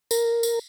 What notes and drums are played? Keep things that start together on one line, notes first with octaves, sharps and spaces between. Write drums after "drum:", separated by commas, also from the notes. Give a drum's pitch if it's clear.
A#4, drum: tambourine
drum: tambourine